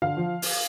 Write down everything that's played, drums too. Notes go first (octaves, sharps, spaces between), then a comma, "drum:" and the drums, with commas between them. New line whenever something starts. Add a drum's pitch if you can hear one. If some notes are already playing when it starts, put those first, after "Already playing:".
D3 F5
F3
drum: open hi-hat